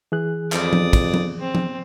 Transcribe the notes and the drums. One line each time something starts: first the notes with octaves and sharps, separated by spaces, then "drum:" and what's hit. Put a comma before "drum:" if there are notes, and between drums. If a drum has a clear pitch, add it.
E3 G#4 F#6
F2 D5 D#6, drum: clap
drum: tom F3
drum: kick, cymbal
drum: tom F3
C4
drum: tom F3